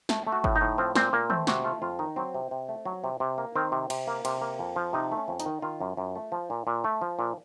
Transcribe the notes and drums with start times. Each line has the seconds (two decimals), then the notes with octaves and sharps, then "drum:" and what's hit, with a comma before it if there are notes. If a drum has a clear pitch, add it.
0.09 A3, drum: snare
0.27 A3
0.32 F#4
0.44 A2, drum: kick G1
0.56 D#4
0.61 A2
0.78 F3 C4
0.95 A#2 C4, drum: snare
1.13 A#2 A#3
1.30 A3 C4, drum: tom D#3
1.47 C3 F#4, drum: snare
1.64 A3 F4
1.82 F2 F4
1.99 D#3 D#4
2.16 F#3 C4
2.34 C3
2.51 C3
2.69 A3
2.85 F#3
3.04 C3
3.20 C3
3.38 A#3
3.55 D#3 C4
3.72 C3
3.90 C3, drum: cymbal
4.07 A#3
4.25 C3, drum: cymbal
4.41 A#3
4.59 F2
4.76 F3
4.93 C3 D#4
5.12 A3
5.17 C#4
5.28 F2
5.40 D#4, drum: hi-hat
5.46 D#3
5.62 D#3 F4
5.80 F#2
5.97 F#2
6.16 A3
6.32 F3
6.50 A#2
6.67 A#2
6.84 A3
7.01 F3
7.19 A#2